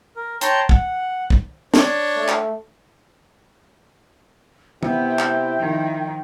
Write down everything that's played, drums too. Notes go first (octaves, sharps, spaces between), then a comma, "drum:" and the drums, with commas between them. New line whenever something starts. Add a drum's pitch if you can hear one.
A#4
C#5 G5 A5 A#5 C6, drum: hi-hat
F#5, drum: kick
drum: kick
D4 C#5, drum: snare
A3
drum: clap
C3 B3 E4 G5, drum: tom E3
drum: clap
D#3 F3